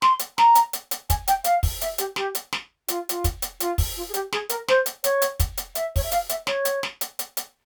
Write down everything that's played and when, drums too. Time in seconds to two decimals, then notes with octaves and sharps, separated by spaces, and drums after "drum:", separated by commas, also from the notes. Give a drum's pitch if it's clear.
0.02 C6, drum: snare
0.19 drum: hi-hat
0.38 A#5, drum: snare
0.55 drum: hi-hat
0.73 drum: hi-hat
0.91 drum: hi-hat
1.10 G#5, drum: kick, hi-hat
1.28 G5, drum: hi-hat
1.44 F5, drum: hi-hat
1.63 drum: kick, open hi-hat
1.81 E5, drum: hi-hat
1.98 G4, drum: hi-hat
2.16 G4, drum: snare
2.35 drum: hi-hat
2.53 drum: snare
2.88 F4, drum: hi-hat
3.09 F4, drum: hi-hat
3.24 drum: kick, hi-hat
3.42 drum: hi-hat
3.60 F4, drum: hi-hat
3.78 drum: kick, open hi-hat
3.97 F4
4.09 G#4
4.14 G4, drum: hi-hat
4.32 G#4, drum: snare
4.49 A#4, drum: hi-hat
4.68 C5, drum: snare
4.86 drum: hi-hat
5.04 C#5, drum: hi-hat
5.22 drum: hi-hat
5.40 drum: kick, hi-hat
5.57 drum: hi-hat
5.75 E5, drum: hi-hat
5.96 C#5, drum: kick, open hi-hat
6.03 E5
6.11 F5, drum: hi-hat
6.29 E5, drum: hi-hat
6.47 C#5, drum: snare
6.65 drum: hi-hat
6.83 drum: snare
7.01 drum: hi-hat
7.19 drum: hi-hat
7.37 drum: hi-hat